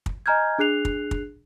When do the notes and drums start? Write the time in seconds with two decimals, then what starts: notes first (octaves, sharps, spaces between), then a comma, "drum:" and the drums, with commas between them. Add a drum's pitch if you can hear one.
0.06 drum: kick
0.26 D#5 G#5 A#5 F6 G6 G#6
0.59 D4 G#4 F#6 C7 F7
0.85 drum: kick
1.11 drum: kick